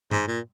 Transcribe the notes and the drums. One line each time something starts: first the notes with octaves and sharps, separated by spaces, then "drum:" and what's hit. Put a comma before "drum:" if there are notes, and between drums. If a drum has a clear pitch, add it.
G#2, drum: tom G2
A#2